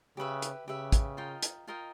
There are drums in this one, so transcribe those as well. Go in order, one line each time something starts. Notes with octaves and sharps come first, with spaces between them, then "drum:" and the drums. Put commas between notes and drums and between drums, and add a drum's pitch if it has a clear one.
C#3 G4 B4 E5
drum: hi-hat
C#3 G4 B4 E5
drum: kick, hi-hat
F4 A#4 D#5 G5
drum: hi-hat
F4 A#4 D#5 G5